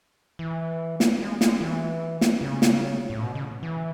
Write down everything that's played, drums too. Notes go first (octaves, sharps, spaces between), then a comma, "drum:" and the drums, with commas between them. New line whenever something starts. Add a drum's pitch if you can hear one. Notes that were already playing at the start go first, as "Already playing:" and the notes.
E3
drum: snare
G#3
G#3, drum: snare
E3
drum: snare
C#3
drum: snare
A2
B2
C#3
E3